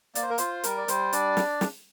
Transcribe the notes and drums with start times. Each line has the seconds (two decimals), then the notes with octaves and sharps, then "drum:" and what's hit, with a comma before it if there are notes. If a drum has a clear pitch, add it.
0.15 A#3 D5, drum: hi-hat
0.22 C5
0.30 A#4
0.38 F4 C5, drum: hi-hat
0.64 G3 A#4, drum: hi-hat
0.77 D5
0.88 G3 C5, drum: hi-hat
1.13 D4 D5, drum: hi-hat
1.37 drum: snare
1.61 drum: snare